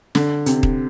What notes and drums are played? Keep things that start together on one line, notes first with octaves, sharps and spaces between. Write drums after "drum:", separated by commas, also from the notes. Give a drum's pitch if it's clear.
D3, drum: snare
C3, drum: hi-hat
drum: kick D#1